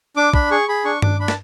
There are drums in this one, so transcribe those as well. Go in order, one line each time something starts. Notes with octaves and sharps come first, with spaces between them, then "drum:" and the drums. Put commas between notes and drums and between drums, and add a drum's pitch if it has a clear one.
D4 D6
D4 B5, drum: kick
G#4 C#6
G#4 B5
D4 C#6
D4 D6, drum: tom G2
D4 B5
A5, drum: snare